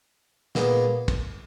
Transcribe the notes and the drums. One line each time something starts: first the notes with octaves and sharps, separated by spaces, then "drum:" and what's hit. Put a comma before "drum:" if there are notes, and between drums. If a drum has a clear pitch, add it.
A#2 G#3 B3 D#4, drum: snare
drum: kick, cymbal